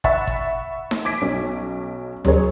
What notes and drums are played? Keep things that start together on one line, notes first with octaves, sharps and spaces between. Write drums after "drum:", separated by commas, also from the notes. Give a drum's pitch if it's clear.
E5 F#5 B5 C#6 F#6 A6, drum: kick
drum: kick
drum: snare D#4
D6 G#6 B6 D7
B1 C#4
F#3 C#4 G#4 A#4 C#5, drum: tom D2